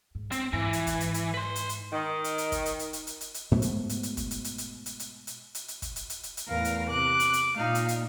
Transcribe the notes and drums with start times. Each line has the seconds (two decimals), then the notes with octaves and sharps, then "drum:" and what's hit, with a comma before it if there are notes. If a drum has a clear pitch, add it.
0.15 G#2
0.32 C4, drum: hi-hat
0.53 G#2 E3
0.73 drum: hi-hat
0.87 drum: kick, hi-hat
1.00 drum: hi-hat
1.14 drum: hi-hat
1.34 B4 C6
1.56 drum: hi-hat
1.69 drum: hi-hat
1.92 D#3
2.24 drum: hi-hat
2.38 drum: hi-hat
2.52 drum: kick, hi-hat
2.66 drum: hi-hat
2.79 drum: hi-hat
2.93 drum: hi-hat
3.07 drum: hi-hat
3.21 drum: hi-hat
3.34 drum: hi-hat
3.51 G#2 B2 F#3 A3
3.62 drum: hi-hat
3.89 drum: hi-hat
4.03 drum: hi-hat
4.17 drum: kick, hi-hat
4.31 drum: hi-hat
4.44 drum: hi-hat
4.58 drum: hi-hat
4.86 drum: hi-hat
5.00 drum: hi-hat
5.27 drum: hi-hat
5.55 drum: hi-hat
5.68 drum: hi-hat
5.82 drum: kick, hi-hat
5.96 drum: hi-hat
6.10 drum: hi-hat
6.23 drum: hi-hat
6.37 drum: hi-hat
6.48 E2 A2 A#4 F5
6.65 drum: hi-hat
6.89 C3 D6 F#6
7.20 drum: hi-hat
7.33 drum: hi-hat
7.56 A#2 D#4 F5
7.75 drum: hi-hat
7.88 drum: hi-hat